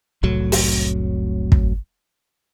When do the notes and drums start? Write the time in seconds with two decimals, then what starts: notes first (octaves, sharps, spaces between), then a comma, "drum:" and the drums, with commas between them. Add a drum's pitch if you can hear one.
0.23 F1 C2 A2 F#3
0.52 drum: open hi-hat
1.52 drum: kick